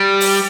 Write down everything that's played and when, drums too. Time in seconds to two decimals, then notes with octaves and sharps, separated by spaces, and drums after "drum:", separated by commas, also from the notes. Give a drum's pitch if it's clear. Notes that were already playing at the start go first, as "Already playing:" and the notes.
Already playing: G3
0.21 drum: open hi-hat